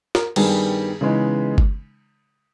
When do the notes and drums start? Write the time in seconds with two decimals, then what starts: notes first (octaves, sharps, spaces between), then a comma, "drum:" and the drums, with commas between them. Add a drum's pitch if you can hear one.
0.15 A#4, drum: snare
0.36 G2 D#3 G3 B3 G#4, drum: cymbal
1.01 C#3 E3 G#3 B3 D#4
1.58 drum: kick G1